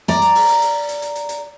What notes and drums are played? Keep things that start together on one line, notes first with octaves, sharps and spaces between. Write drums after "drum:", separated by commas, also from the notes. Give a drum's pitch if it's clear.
D5 A#5, drum: hi-hat
drum: hi-hat
drum: open hi-hat
drum: hi-hat
drum: hi-hat
drum: hi-hat
drum: hi-hat
drum: hi-hat
drum: hi-hat